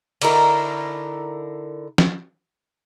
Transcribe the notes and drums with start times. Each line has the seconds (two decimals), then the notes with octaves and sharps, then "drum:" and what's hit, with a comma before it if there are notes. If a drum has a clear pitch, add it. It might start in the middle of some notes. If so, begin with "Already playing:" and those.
0.22 D3 D#4 E4 A#4, drum: cymbal
1.98 drum: snare